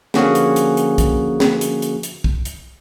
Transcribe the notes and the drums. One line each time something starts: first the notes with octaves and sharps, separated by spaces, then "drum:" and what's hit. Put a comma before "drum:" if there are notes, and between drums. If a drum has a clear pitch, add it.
D3 F3 A#3 C#4 F#4 G#4, drum: snare
drum: hi-hat
drum: hi-hat
drum: hi-hat
drum: kick, hi-hat
drum: snare
drum: hi-hat
drum: hi-hat
drum: hi-hat
drum: kick
drum: hi-hat